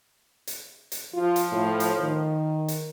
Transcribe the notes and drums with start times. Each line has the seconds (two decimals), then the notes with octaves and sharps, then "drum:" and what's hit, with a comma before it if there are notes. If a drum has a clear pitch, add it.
0.47 drum: hi-hat
0.92 drum: hi-hat
1.14 F3 F4
1.36 drum: hi-hat
1.52 A2
1.80 drum: hi-hat
2.00 D#3
2.68 drum: hi-hat